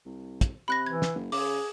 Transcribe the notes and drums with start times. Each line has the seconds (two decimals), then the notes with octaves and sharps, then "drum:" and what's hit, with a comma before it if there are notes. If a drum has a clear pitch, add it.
0.06 C2
0.41 drum: kick, hi-hat
0.68 C3 B5 F#6 A#6
0.86 E3 G#6
1.02 drum: snare
1.15 F#1
1.32 C#3 G#4 D6, drum: open hi-hat